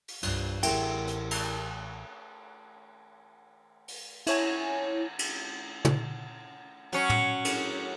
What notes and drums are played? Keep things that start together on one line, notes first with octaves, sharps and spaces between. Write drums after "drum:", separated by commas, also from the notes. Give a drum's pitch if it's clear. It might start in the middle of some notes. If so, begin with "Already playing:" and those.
drum: open hi-hat
C2 G2 F4, drum: cymbal
A1 E4 G4 G#4 A#4 G5 C6, drum: cymbal
drum: hi-hat
drum: cymbal
drum: open hi-hat
E4 C#5 G#5, drum: cymbal
drum: cymbal
drum: tom
F#3 C#4, drum: hi-hat
drum: tom
drum: cymbal